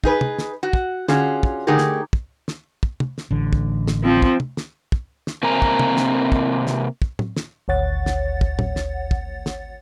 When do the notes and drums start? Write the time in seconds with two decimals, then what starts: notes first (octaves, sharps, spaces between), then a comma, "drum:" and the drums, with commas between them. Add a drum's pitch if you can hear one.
0.04 D#4 G#4 B4, drum: kick
0.21 drum: tom
0.39 drum: snare
0.63 F#4
0.73 drum: kick
1.08 D3 C#4 F4 F#4 G#4, drum: snare
1.43 drum: kick
1.67 D3 A3 D#4 G4 G#4 A#4
1.78 drum: snare
2.13 drum: kick
2.48 drum: snare
2.83 drum: kick
3.00 drum: tom
3.18 drum: snare
3.31 A1 D3
3.53 drum: kick
3.88 drum: snare
4.03 F3 C4
4.22 drum: kick
4.40 drum: tom
4.57 drum: snare
4.92 drum: kick
5.27 drum: snare
5.43 C3 A#3 C4 A#4 G#5 A#5
5.62 drum: kick
5.79 drum: tom
5.97 drum: snare
6.32 drum: kick
6.67 drum: snare
7.02 drum: kick
7.19 drum: tom A2
7.37 drum: snare
7.68 G#1 D2 C#5 F#5 A6
8.06 drum: snare
8.41 drum: kick
8.59 drum: tom A2
8.76 drum: snare
9.11 drum: kick
9.46 drum: snare